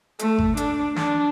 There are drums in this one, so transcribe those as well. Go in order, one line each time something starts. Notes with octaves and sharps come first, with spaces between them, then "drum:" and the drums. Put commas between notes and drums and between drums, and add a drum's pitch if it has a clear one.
A3, drum: hi-hat
drum: kick G#1
D4, drum: hi-hat
D4, drum: snare